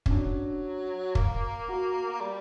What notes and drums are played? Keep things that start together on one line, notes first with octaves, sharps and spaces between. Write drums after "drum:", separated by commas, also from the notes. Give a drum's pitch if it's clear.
C#4, drum: kick
F#3 D4
A#3, drum: kick
F#4
G3